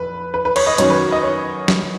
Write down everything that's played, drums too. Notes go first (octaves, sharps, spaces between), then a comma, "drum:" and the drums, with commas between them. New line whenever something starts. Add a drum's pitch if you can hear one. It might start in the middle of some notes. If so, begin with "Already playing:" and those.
Already playing: F1 B4
B4
B4
C#5, drum: cymbal
D#5
F#2 D#3 F#3 C#4 C#5, drum: hi-hat
B4
D#5
C#5
drum: snare